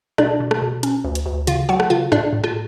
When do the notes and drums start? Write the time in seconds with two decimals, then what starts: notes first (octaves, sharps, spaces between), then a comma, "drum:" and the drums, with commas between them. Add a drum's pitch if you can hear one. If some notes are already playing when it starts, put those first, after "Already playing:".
0.18 B2 D4 D5, drum: rim click
0.40 B2
0.51 drum: rim click
0.62 B2
0.83 C#4, drum: hi-hat
1.04 D2
1.15 drum: hi-hat
1.26 D2
1.47 C#3 F4 F5, drum: hi-hat
1.69 F#3 F#4 F#5
1.80 drum: rim click
1.90 C#3 F4 F5
2.12 A2 D4 D5, drum: rim click
2.33 A2
2.44 F4, drum: rim click